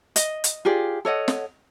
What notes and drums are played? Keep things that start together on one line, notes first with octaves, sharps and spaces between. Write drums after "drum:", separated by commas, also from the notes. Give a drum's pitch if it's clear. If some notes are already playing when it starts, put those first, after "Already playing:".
D#5, drum: hi-hat
drum: hi-hat
F4 G4 G#4 D5
A4 C#5 D#5 F#5
drum: snare